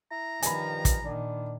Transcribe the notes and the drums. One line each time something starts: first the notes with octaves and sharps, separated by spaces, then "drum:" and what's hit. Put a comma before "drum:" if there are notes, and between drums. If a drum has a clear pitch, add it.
E4 A#5
G2 D#3 F3 G#5 B5, drum: hi-hat
drum: kick, hi-hat
A#2 D#3 D4